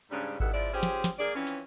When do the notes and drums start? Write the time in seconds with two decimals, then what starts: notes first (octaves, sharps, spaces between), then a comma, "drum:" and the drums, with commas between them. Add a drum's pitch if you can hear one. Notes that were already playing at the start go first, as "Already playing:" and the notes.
0.11 G#2 C#3 G3 C#4 D4
0.40 E2 G2 D#3 A4 F#5, drum: kick G#1
0.53 F3 G#3 E4 D5
0.73 C#4 F4 G4 G#4 C5
0.83 drum: snare
1.04 drum: snare
1.19 A#3 G#4 A#4 D5
1.36 E3 F3 C4 C#4
1.47 drum: hi-hat